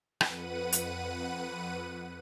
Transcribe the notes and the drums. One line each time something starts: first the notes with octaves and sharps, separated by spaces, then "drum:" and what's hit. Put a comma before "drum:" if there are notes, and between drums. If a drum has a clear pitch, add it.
F2 B4 F#5 D#7, drum: rim click
drum: hi-hat